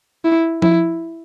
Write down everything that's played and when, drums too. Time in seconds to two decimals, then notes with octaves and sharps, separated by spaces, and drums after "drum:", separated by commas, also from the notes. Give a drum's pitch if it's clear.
0.25 E4
0.62 E4, drum: tom F3